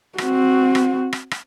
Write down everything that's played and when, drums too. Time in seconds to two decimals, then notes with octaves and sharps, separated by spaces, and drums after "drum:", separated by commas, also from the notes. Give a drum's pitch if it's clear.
0.18 C4 F#4, drum: rim click
0.75 drum: rim click
1.13 drum: rim click
1.31 drum: rim click